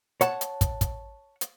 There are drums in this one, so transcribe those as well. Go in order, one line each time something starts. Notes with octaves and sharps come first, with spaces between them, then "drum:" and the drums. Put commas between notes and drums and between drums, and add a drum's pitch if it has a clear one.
C#5 F#5 A5, drum: hi-hat
drum: hi-hat
drum: kick, hi-hat
drum: kick, hi-hat
drum: hi-hat